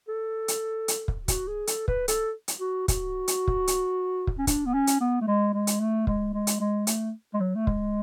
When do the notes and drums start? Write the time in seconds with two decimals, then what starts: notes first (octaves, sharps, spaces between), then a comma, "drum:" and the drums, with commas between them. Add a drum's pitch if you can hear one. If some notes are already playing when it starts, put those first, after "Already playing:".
0.08 A4
0.48 drum: hi-hat
0.88 drum: hi-hat
1.08 drum: kick
1.28 F#4, drum: kick, hi-hat
1.48 G#4
1.67 A4, drum: hi-hat
1.88 B4, drum: kick
2.08 A4, drum: hi-hat
2.48 drum: hi-hat
2.60 F#4
2.88 F#4, drum: kick, hi-hat
3.28 drum: hi-hat
3.48 drum: kick
3.67 drum: hi-hat
4.27 drum: kick
4.38 C#4
4.47 D4, drum: kick, hi-hat
4.66 B3
4.74 C#4
4.87 drum: hi-hat
5.01 B3
5.21 A3
5.27 G#3
5.53 G#3
5.67 drum: hi-hat
5.80 A3
6.07 G#3, drum: kick
6.33 G#3
6.47 drum: hi-hat
6.60 G#3
6.87 A3, drum: hi-hat
7.34 G#3
7.40 F#3
7.55 A3
7.67 G#3, drum: kick